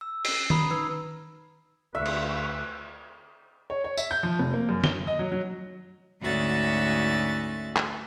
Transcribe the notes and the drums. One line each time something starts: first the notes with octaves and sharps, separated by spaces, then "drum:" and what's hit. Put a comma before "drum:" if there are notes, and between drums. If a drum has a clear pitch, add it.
E6
C#4 C7, drum: open hi-hat
A#5 B5 D#6, drum: tom D#3
D#4 B4 E6
D2 B4 E5 F5 C#6
drum: cymbal
C#5
C#5
E5, drum: tambourine
G6
F3
F1
A#3
F#2
G7, drum: snare
D#5
F#3
F#3
D2 G#2 C#4 F#4 E5 A6
drum: clap